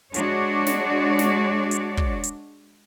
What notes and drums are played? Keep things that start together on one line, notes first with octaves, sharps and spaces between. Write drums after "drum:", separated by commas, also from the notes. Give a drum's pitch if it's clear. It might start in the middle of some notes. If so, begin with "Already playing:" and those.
G#3 D4 F#4 C#5 D5, drum: hi-hat
drum: snare
drum: snare
drum: hi-hat
drum: kick
drum: hi-hat